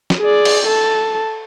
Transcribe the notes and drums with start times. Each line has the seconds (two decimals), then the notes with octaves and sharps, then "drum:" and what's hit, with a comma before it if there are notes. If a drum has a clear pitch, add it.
0.10 drum: snare
0.21 G#4 D5
0.45 drum: cymbal
0.66 A4 A5